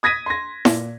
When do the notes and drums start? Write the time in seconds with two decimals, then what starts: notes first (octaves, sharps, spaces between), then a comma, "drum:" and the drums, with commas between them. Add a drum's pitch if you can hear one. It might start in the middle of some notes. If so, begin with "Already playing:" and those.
0.03 D#6 G#6 A#6 B6 D#7
0.26 C6 A#6
0.65 A#2, drum: snare E4